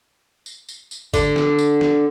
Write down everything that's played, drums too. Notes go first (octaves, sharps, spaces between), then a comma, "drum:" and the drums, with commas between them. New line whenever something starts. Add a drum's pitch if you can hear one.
drum: tambourine
drum: tambourine
drum: tambourine
D3, drum: kick, tambourine
drum: snare
drum: tambourine
drum: snare